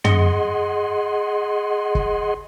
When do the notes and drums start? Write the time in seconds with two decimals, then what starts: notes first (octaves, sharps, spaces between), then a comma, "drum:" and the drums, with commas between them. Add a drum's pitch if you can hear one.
0.04 G#4 D#5 F#5 C6, drum: tom
1.95 drum: kick